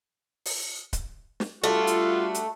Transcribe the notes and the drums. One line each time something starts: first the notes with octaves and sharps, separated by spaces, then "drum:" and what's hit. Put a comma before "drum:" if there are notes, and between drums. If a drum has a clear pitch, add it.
drum: open hi-hat
drum: kick D1, hi-hat
drum: snare
G3 A3 D4 F4 F#4
drum: hi-hat
drum: hi-hat